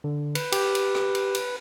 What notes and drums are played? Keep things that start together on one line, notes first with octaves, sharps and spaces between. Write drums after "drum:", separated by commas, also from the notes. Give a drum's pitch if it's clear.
D3
B4, drum: cymbal
G4, drum: cymbal
drum: cymbal
drum: rim click
drum: cymbal
drum: cymbal